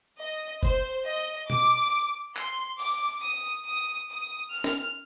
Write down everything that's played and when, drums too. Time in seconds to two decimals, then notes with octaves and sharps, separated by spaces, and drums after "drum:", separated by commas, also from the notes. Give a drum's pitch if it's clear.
0.19 D#5
0.63 C5, drum: kick
1.06 D#5
1.50 D6, drum: tom B2
2.36 C6, drum: clap
2.79 D6, drum: cymbal
3.23 D#6
3.66 D#6
4.10 D#6
4.53 F6
4.64 drum: snare